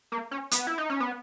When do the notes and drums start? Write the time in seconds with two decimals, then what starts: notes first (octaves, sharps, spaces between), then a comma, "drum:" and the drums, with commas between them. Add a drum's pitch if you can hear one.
0.12 A#3
0.31 C#4
0.51 B3, drum: hi-hat
0.67 E4
0.78 D#4
0.90 C#4
1.00 B3